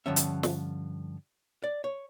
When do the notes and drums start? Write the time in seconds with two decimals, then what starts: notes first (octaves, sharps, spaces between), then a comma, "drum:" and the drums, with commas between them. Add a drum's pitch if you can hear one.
0.06 G2 D3 F3 C#4 E5
0.16 drum: hi-hat
0.43 drum: snare
1.64 D5
1.84 C#5